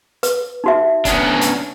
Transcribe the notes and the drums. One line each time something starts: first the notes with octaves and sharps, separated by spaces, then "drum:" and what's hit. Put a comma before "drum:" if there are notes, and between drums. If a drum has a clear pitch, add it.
B4, drum: hi-hat
D#4 F#4 E5
B3 C#4 D4, drum: kick, hi-hat
drum: hi-hat